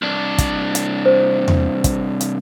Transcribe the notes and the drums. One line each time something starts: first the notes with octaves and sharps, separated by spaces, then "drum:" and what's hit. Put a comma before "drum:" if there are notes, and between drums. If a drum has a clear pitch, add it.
C2 D4
drum: kick, hi-hat
drum: hi-hat
C5
drum: tom E2
drum: kick, hi-hat
drum: hi-hat